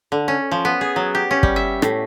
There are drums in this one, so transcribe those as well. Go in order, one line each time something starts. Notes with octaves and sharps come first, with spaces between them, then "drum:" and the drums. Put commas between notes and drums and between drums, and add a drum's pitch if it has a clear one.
D3
C#4
F3
B3
G#4
F#3
G4
C#4
G3, drum: kick
E5
A2, drum: rim click